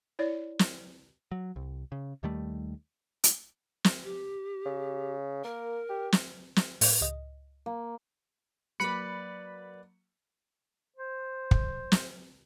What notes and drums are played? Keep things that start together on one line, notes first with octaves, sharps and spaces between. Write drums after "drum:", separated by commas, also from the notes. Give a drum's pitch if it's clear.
E4 C#5 D5
drum: snare
F#3
C2
C#3
D#2 D#3 G3 A3
drum: hi-hat
drum: snare
G4
C#3
A#3 A#4
G4
drum: snare
drum: snare
A2, drum: open hi-hat
C#2 D#5
A#3
F#3 A#3 B4 D5 B5 C#7
C5
drum: kick
drum: snare